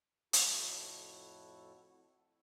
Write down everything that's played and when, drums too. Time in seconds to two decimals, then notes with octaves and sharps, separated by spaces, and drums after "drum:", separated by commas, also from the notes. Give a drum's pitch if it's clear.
0.33 F2 A2 E4 F#4 A4, drum: hi-hat